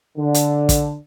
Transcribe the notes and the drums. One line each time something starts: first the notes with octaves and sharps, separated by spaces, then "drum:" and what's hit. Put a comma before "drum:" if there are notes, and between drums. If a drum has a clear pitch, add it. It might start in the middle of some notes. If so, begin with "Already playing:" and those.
D3
drum: hi-hat
drum: kick, hi-hat